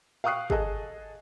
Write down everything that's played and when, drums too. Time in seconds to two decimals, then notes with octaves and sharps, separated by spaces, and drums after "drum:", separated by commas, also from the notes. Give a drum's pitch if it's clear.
0.24 F5 G5 C#6 D#6 F#6 C7
0.50 G#4 A4 D#5 A5, drum: kick